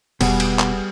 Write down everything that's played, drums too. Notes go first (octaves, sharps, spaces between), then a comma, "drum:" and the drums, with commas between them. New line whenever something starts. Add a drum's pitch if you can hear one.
E1 B2 G3 B3 G#4, drum: cymbal
drum: cymbal
drum: clap